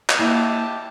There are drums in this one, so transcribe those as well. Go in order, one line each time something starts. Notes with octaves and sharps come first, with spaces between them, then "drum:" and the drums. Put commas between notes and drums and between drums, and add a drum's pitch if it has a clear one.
drum: clap
A#3 E4 G4 D#5 A5